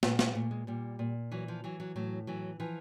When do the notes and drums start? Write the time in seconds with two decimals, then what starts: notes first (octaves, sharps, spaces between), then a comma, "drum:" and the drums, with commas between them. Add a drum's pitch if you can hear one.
0.03 A#2 B3, drum: snare
0.19 A#3, drum: snare
0.35 A#2 A3
0.51 G#3
0.67 A#2 G3
0.99 A#2
1.31 E3 F#3
1.48 F3
1.64 E3 F#3
1.80 F#3
1.96 A2 F#3
2.27 E3 F#3
2.60 E3 F3